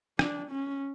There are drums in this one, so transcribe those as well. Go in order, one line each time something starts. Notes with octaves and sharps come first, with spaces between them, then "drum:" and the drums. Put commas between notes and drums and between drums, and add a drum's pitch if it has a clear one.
D4, drum: rim click
C#4